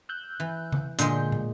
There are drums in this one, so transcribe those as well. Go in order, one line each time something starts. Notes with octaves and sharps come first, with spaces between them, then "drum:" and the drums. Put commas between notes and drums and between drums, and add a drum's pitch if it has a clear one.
E6 F#6 G6
E3
drum: tom C#3
A#2 D3 G#3 D4 G6, drum: hi-hat
drum: tom